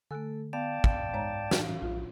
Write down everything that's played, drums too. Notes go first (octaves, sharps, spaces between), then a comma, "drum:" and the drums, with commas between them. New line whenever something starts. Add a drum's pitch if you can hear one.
D3 A3 A4 G#5 E6 F#6
B3 D5 F5 G5 A5
drum: kick
G#2 G#3 C#5 A#5
A2 E3 C#4, drum: snare
A#1 F4